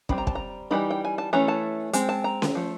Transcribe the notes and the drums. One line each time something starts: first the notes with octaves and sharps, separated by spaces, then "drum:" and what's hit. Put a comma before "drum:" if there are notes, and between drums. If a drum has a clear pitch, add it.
G3 C4 D#4 B5, drum: kick
A#5
A5, drum: kick
A#5
E3 G3 A#3 D#4 B5
G5
G#5
A5
E3 A3 C#4 A#5
A5
G#3 C4, drum: hi-hat
A5
A#5
drum: snare C#4
F3 A3